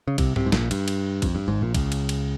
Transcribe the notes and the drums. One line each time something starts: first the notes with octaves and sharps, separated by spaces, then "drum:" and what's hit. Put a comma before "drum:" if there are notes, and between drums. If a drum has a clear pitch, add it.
C#3
C2 C3, drum: kick A#1, cymbal
C2 C3, drum: tom G#2
G#2
A#1 A#2, drum: snare
G2, drum: cymbal
drum: cymbal
F2, drum: kick A#1, cymbal
G2
G#1 G#2
A#1 A#2
C#2 C#3, drum: kick A#1, cymbal
drum: cymbal
drum: cymbal